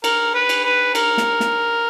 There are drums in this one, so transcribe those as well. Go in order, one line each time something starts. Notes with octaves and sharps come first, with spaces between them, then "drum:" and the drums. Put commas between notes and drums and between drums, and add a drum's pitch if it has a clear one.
A#4, drum: cymbal
B4
drum: cymbal
B4
A#4, drum: cymbal
drum: snare
drum: snare